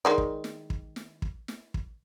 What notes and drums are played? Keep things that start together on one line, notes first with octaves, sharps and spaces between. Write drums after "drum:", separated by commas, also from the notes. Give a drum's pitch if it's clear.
D#3 G#3 D5
drum: kick
drum: snare
drum: kick
drum: snare
drum: kick
drum: snare
drum: kick